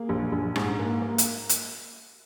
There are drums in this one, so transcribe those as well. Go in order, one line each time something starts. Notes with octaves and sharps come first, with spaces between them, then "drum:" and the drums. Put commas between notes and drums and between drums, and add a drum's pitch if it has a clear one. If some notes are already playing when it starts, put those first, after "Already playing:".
Already playing: A#3 G#4
A#1
A#1
G#2, drum: rim click
A#3
A#3
drum: hi-hat
drum: hi-hat